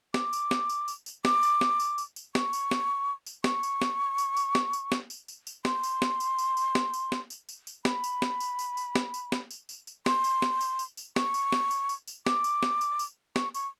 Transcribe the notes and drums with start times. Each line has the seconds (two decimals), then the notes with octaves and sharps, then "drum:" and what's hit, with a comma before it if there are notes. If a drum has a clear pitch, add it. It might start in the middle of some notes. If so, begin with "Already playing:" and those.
0.14 D6, drum: snare
0.33 drum: tambourine
0.51 drum: snare
0.70 drum: tambourine
0.88 drum: tambourine
1.06 drum: tambourine
1.25 D6, drum: snare
1.43 drum: tambourine
1.61 drum: snare
1.80 drum: tambourine
1.98 drum: tambourine
2.16 drum: tambourine
2.35 C#6, drum: snare
2.53 drum: tambourine
2.71 drum: snare
3.26 drum: tambourine
3.44 C#6, drum: snare
3.63 drum: tambourine
3.82 drum: snare
4.18 drum: tambourine
4.37 drum: tambourine
4.55 drum: snare
4.73 drum: tambourine
4.92 drum: snare
5.10 drum: tambourine
5.28 drum: tambourine
5.47 drum: tambourine
5.65 C6, drum: snare
5.83 drum: tambourine
6.02 drum: snare
6.20 drum: tambourine
6.39 drum: tambourine
6.57 drum: tambourine
6.75 drum: snare
6.94 drum: tambourine
7.12 drum: snare
7.30 drum: tambourine
7.49 drum: tambourine
7.67 drum: tambourine
7.85 B5, drum: snare
8.04 drum: tambourine
8.22 drum: snare
8.40 drum: tambourine
8.59 drum: tambourine
8.77 drum: tambourine
8.95 drum: snare
9.14 drum: tambourine
9.32 drum: snare
9.51 drum: tambourine
9.69 drum: tambourine
9.87 drum: tambourine
10.06 C6, drum: snare
10.24 drum: tambourine
10.42 drum: snare
10.61 drum: tambourine
10.79 drum: tambourine
10.97 drum: tambourine
11.16 C#6, drum: snare
11.34 drum: tambourine
11.52 drum: snare
11.71 drum: tambourine
11.89 drum: tambourine
12.08 drum: tambourine
12.26 D6, drum: snare
12.44 drum: tambourine
12.63 drum: snare
12.81 drum: tambourine
12.99 drum: tambourine
13.36 C#6, drum: snare
13.55 C#6, drum: tambourine